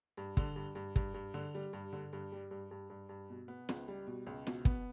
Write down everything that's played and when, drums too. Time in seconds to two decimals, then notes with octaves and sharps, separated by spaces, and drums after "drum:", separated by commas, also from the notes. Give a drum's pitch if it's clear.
0.17 G2
0.37 D3, drum: kick
0.56 G2
0.75 G2
0.96 G2, drum: kick
1.14 G2
1.34 D3
1.54 G3
1.73 G2
1.93 D3
2.13 G2
2.32 G3
2.51 G2
2.71 G2
2.90 G2
3.09 G2
3.30 B2
3.48 B3
3.69 C#2, drum: snare
3.88 G3
4.07 B2
4.26 C#2
4.47 B2, drum: snare
4.65 B3, drum: kick